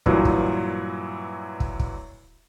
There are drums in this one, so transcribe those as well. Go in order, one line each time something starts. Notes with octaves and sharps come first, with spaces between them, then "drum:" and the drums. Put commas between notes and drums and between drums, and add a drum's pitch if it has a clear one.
G2 A#2 E3 F#3, drum: kick
drum: kick
drum: kick
drum: kick